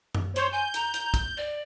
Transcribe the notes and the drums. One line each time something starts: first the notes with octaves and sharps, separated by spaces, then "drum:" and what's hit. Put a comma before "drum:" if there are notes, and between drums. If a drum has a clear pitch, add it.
drum: tom F#2
C5 C#5 C6, drum: hi-hat
G#5 G6
A#5, drum: hi-hat
drum: hi-hat
drum: kick, hi-hat
D5